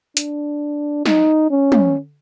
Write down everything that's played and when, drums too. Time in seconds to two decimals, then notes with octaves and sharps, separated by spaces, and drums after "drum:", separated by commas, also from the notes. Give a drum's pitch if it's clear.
0.17 D4, drum: hi-hat
1.06 D#4, drum: snare
1.51 C#4
1.72 drum: tom